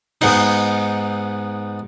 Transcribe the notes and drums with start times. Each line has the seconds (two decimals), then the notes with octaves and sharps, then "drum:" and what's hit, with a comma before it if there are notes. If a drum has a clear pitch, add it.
0.21 G#2 B3 D#4, drum: cymbal